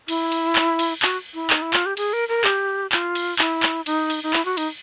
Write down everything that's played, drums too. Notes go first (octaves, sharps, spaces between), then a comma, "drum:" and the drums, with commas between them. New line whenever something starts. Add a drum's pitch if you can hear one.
E4, drum: cymbal
drum: cymbal
drum: clap
drum: cymbal
F#4, drum: clap
E4
D#4, drum: clap
E4
F4, drum: clap
G4
G#4, drum: cymbal
A#4
A#4
G4, drum: clap
F4, drum: clap
drum: cymbal
E4, drum: clap
drum: clap
D#4, drum: cymbal
drum: cymbal
D#4
E4, drum: clap
F#4
D#4, drum: cymbal